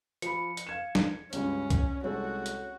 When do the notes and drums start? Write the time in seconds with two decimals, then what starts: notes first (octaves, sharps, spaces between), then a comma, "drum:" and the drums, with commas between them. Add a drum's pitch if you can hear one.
0.22 F3 B5 C#7, drum: hi-hat
0.57 drum: hi-hat
0.67 F5 G#6 E7
0.95 drum: snare
1.33 C#2 G2 C#4, drum: hi-hat
1.70 drum: kick C2, hi-hat
2.04 C2 G#3 F#4 A4 C#5
2.46 drum: hi-hat